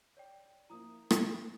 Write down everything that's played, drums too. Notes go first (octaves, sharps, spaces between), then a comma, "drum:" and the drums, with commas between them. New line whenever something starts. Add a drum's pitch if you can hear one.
C#5 D5 G5
F3 A#3 E4 A#5 D#6
drum: rim click